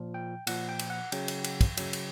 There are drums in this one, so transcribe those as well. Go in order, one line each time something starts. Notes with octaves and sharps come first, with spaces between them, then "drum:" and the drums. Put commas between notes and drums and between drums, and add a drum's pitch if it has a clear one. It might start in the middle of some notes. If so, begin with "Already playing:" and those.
Already playing: A#2 F3
G5
A#2 F3 F#5, drum: cymbal
G5
drum: cymbal
F#5
C#3 F#3 G5, drum: cymbal
drum: cymbal
drum: cymbal
drum: kick, cymbal
C#3 F#3, drum: cymbal
drum: cymbal